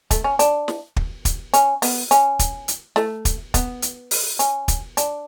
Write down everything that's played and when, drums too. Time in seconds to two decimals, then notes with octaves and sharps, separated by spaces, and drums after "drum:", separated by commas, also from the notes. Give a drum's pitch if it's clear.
0.11 A3, drum: kick, hi-hat
0.24 C#4
0.39 D4, drum: hi-hat
0.68 drum: snare
0.96 drum: kick
1.25 drum: kick, hi-hat
1.54 C#4, drum: hi-hat
1.82 B3, drum: open hi-hat
2.11 C#4, drum: hi-hat
2.39 drum: kick, hi-hat
2.68 drum: hi-hat
2.96 A3, drum: snare
3.25 drum: kick, hi-hat
3.54 B3, drum: kick, hi-hat
3.82 drum: hi-hat
4.11 drum: open hi-hat
4.39 C#4, drum: hi-hat
4.68 drum: kick, hi-hat
4.97 D4, drum: hi-hat